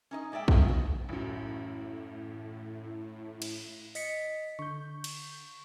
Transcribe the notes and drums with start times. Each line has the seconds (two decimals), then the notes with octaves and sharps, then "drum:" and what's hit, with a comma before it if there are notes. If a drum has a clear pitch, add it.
0.11 C#4 D#4 D#5
0.32 A#2 G#3 D5 E5 G5
0.48 C#3 B3 D#5 F5, drum: kick
0.69 F#4
1.09 A1 F#2 A2 E4
3.42 drum: cymbal
3.95 D#5 B6 C#7, drum: open hi-hat
4.59 D3 C#6 G6
5.04 drum: cymbal